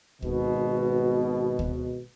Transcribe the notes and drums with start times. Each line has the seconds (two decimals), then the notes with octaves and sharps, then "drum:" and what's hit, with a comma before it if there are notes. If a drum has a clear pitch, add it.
0.22 G#1 B2, drum: kick
1.59 drum: kick